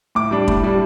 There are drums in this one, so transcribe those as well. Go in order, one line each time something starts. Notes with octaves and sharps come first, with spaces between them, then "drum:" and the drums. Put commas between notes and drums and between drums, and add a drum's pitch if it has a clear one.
A2 D6
G3 D4
A2, drum: kick
G3 D4